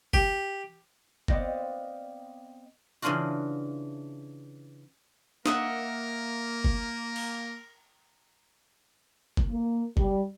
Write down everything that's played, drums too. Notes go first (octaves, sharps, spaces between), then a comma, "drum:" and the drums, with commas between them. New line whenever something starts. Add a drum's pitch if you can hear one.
G4, drum: kick F#1
B3 C4 D5 D#5 F5 A#6, drum: kick F#1
C#3 E3 C#4 D4 F4 F#4
A#3 A#4 D#5 E5 F#5, drum: snare
drum: kick F#1
drum: cymbal
drum: kick F#1
A#3
G3, drum: kick F#1